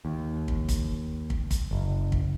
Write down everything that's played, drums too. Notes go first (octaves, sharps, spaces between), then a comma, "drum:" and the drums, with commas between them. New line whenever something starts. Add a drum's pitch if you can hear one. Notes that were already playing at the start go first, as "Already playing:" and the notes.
D#2
drum: kick
drum: kick, hi-hat
drum: kick
drum: kick, hi-hat
F#1
drum: kick